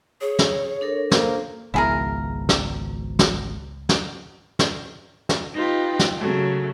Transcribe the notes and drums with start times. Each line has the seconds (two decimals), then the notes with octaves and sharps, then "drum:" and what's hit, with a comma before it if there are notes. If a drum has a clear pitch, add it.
0.21 G#4 C#5
0.39 drum: snare
0.81 D4 A4 A#4
1.11 A#3 C5, drum: snare
1.74 G#1 C#2 F3 B3 E4 G#4 A#4
2.49 drum: snare
3.19 drum: snare
3.89 drum: snare
4.59 drum: snare
5.29 drum: snare
5.55 D#4 F4 G4 B4
5.99 drum: snare
6.18 C#3 F#3 A3